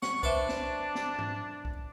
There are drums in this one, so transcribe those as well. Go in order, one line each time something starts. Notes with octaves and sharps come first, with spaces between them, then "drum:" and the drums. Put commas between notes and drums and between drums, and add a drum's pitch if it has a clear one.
F#5 C#6, drum: snare
D4 B4 C5 E5, drum: kick
drum: snare
drum: snare
drum: tom G#2
drum: kick